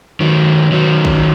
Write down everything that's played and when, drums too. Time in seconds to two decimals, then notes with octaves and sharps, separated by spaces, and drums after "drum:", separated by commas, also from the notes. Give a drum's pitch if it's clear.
0.20 D#3 F#3
0.72 D#3 F#3
1.05 drum: kick